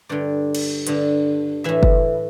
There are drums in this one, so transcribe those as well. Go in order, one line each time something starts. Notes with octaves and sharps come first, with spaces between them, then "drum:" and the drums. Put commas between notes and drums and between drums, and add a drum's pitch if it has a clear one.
G2 D3 D5
drum: cymbal
G2 D3, drum: hi-hat
A2 E3 E5
drum: kick F#1